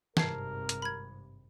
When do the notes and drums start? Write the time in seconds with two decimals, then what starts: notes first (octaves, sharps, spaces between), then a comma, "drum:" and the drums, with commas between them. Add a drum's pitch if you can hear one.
0.17 G#1 G2 C3 A#4 A5 G#6 C7, drum: snare E3
0.69 drum: hi-hat
0.82 B5 G#6